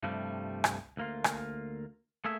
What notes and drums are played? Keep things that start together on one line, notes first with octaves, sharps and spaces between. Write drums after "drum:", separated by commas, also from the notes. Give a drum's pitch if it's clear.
G2 C3 F3 G3 A3
drum: rim click
D2 A#3 F4
drum: rim click
A3 A#3 G#4 A4 E5